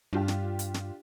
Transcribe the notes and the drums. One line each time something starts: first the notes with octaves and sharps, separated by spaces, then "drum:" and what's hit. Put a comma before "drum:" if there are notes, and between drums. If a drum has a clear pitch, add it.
G2 D4 F4 G4
drum: snare
drum: hi-hat
drum: snare